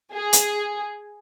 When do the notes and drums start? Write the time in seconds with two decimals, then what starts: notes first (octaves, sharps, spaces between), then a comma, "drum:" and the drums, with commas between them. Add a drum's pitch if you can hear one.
0.14 G#4
0.33 drum: hi-hat